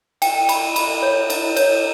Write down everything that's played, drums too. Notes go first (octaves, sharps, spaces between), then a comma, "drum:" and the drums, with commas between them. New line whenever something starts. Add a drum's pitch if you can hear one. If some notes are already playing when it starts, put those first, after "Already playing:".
G5, drum: cymbal
B5, drum: cymbal
B5, drum: cymbal
C#5
E4, drum: cymbal
C#5, drum: cymbal